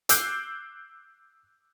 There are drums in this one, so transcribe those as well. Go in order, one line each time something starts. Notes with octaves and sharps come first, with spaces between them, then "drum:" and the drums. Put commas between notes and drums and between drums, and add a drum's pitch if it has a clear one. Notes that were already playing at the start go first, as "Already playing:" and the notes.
D6 E6 F#6 G6 C7 D7, drum: hi-hat